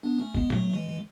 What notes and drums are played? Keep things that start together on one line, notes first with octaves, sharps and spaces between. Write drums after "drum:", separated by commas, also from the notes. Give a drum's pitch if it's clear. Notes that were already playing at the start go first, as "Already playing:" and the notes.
B3 D4
A3 C#4
G#3 B3, drum: kick
F#3 A3, drum: tom
A3
E3 G#3
E3